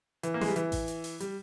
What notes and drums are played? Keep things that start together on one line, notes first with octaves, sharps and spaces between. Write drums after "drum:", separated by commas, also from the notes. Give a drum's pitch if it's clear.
E3, drum: hi-hat
A#3
G#3, drum: snare
G3
E3, drum: hi-hat
drum: kick A1, open hi-hat
drum: hi-hat
drum: open hi-hat
G3, drum: hi-hat